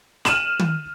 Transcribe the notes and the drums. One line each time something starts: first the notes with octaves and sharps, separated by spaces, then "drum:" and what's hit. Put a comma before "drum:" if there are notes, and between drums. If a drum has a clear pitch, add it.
F6 D#7 E7 F#7, drum: snare
drum: tom